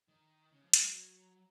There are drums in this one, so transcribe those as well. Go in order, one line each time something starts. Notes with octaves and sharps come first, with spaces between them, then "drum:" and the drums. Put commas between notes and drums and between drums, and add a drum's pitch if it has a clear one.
D#3
C#3
F3
G#3, drum: hi-hat
F#3